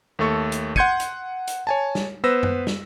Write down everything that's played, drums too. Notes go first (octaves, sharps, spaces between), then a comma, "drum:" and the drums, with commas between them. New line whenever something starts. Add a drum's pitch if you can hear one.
D#2 A3 A4 C#6
drum: hi-hat
F#5 C6 G6 G#6 C#7 D#7, drum: kick
drum: hi-hat
drum: hi-hat
C#5 G#5 A5
drum: snare
B3 B4 C5 E6 A#6
drum: tom F#2
drum: snare